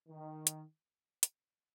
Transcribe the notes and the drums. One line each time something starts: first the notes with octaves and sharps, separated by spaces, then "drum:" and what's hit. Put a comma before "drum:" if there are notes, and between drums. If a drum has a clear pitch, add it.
D#3
drum: hi-hat
drum: hi-hat